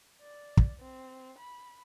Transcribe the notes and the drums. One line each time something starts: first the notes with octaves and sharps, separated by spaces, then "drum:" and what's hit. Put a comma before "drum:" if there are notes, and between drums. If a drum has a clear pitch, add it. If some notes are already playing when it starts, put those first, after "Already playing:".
D5
drum: kick
C4
B5